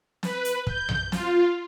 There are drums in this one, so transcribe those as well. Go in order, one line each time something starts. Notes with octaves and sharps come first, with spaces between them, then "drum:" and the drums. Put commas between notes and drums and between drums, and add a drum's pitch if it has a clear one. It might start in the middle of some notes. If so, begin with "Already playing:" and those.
B4, drum: snare
drum: hi-hat
G6, drum: kick
drum: tom B1
F4, drum: snare